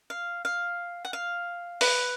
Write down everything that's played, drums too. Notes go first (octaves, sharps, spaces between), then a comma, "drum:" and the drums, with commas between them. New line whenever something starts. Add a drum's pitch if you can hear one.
F5
F5
F#5
F5
B4, drum: open hi-hat